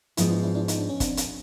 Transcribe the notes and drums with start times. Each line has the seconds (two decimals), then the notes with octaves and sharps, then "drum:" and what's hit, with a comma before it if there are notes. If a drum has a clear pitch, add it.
0.17 G#2 F3 G#3 B3 D4 E4, drum: hi-hat
0.30 D4 E4
0.43 D4 E4
0.55 D4 E4
0.68 D#4, drum: hi-hat
0.78 D4
0.89 C#4
1.00 C4 D4, drum: kick, hi-hat
1.17 drum: hi-hat